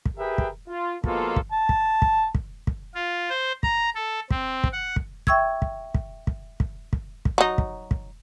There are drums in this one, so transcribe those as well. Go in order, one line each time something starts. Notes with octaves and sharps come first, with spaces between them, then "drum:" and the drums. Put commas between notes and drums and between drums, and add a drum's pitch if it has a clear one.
drum: kick
G4 G#4 A#4 B4 E5 G5
drum: kick
F4
B2 F3 G#3 A#3 F4 A4, drum: kick
drum: kick
A5
drum: kick
drum: kick
drum: kick
drum: kick
F4
C5
A#5, drum: kick
A4
C4, drum: kick
drum: kick
F#5
drum: kick
E5 G5 C#6 E6 G#6, drum: kick
drum: kick
drum: kick
drum: kick
drum: kick
drum: kick
drum: kick
F#3 D#4
drum: kick
drum: kick